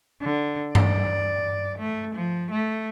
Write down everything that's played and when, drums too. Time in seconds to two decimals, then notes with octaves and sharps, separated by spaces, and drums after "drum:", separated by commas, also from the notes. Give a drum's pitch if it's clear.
0.22 D3
0.75 D5, drum: tom G2
1.79 A3
2.15 F3
2.51 A3